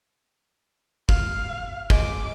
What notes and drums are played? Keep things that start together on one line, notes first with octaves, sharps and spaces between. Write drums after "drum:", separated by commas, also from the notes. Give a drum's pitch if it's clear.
F5, drum: kick
G#3 D6, drum: kick